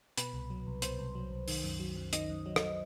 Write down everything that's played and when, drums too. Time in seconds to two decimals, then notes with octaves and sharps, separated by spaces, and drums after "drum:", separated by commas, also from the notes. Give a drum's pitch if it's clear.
0.18 B2 B4, drum: hi-hat
0.33 C2
0.50 F#3
0.67 C2
0.82 B2 C5, drum: hi-hat
0.99 C2
1.15 F#3
1.31 C2
1.48 D#3, drum: open hi-hat
1.63 F#2
1.80 F#3
1.97 F#2
2.13 D#3 D#5, drum: hi-hat
2.30 F#2
2.46 F#3
2.56 drum: rim click